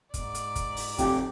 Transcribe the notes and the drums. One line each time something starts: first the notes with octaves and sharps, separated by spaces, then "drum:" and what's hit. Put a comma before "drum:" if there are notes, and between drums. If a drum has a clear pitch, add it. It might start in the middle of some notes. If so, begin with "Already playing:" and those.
G#2 D5, drum: kick, hi-hat
drum: hi-hat
drum: kick, hi-hat
drum: open hi-hat
F1 G4, drum: kick, hi-hat